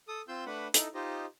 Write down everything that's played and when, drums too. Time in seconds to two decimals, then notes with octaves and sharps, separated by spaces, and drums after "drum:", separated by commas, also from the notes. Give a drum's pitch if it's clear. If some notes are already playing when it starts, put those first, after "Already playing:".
0.08 A4 D#6
0.28 C4 F4 C6 E6 G6
0.46 A3 D4 B4 F#5 B5
0.74 D#4 E4 A4 D#5, drum: hi-hat
0.94 D#4 F4 G4 C5 D#5